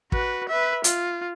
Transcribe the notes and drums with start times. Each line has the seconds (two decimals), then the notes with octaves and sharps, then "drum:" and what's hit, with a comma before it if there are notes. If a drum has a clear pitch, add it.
0.12 F#4 B4, drum: kick
0.49 B4 E5
0.84 F4, drum: hi-hat